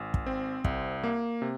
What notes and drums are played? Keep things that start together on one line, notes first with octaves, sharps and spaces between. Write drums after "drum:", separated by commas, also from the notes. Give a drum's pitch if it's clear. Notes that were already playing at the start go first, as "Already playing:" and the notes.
Already playing: G#1
drum: kick
C4
C2, drum: kick
A#3
C3